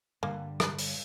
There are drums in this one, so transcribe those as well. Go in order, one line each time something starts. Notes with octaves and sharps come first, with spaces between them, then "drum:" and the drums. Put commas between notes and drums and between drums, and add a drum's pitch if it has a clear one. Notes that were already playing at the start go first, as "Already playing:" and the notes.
G2 D3 G3 A#3
D4 B4, drum: rim click
drum: open hi-hat